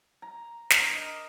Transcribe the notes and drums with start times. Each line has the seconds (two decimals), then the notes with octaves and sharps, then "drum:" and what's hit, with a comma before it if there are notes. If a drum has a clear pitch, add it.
0.22 A#5
0.70 D4 A#4, drum: snare
0.93 D#5